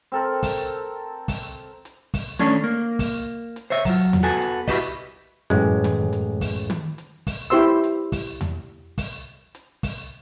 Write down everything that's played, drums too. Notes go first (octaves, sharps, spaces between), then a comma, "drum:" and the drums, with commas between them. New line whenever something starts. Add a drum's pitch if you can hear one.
C4 A4 A#4
drum: kick, open hi-hat
drum: kick, open hi-hat
drum: hi-hat
drum: kick, open hi-hat
A3 C#4 D4 A4 C#5, drum: tom
A#3
drum: kick, open hi-hat
drum: hi-hat
C5 C#5 E5
F#3 F4, drum: kick, open hi-hat
drum: tom E2
B3 F#4 A4 G#5
drum: hi-hat
E4 F#4 G4 B4 D#5, drum: kick, open hi-hat
A1 F#2 A2 G#3
drum: tom
drum: hi-hat
drum: kick, open hi-hat
drum: tom
drum: hi-hat
drum: kick, open hi-hat
E4 G4 C5 C6 E6
drum: hi-hat
drum: kick, open hi-hat
drum: tom E2
drum: kick, open hi-hat
drum: hi-hat
drum: kick, open hi-hat